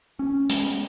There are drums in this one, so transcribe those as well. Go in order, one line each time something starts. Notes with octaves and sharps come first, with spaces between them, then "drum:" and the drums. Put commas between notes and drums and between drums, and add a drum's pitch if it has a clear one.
C#4
G#3, drum: hi-hat